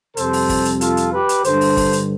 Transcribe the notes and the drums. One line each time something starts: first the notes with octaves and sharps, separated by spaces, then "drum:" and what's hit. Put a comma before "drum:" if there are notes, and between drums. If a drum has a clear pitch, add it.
F2 C3 G3 A4 C5, drum: hi-hat
drum: open hi-hat
drum: kick, open hi-hat
drum: hi-hat
F4 A4, drum: hi-hat
drum: hi-hat
G4 B4
drum: hi-hat
G2 D3 G3 A4 C5, drum: hi-hat
drum: open hi-hat
drum: kick, open hi-hat
drum: hi-hat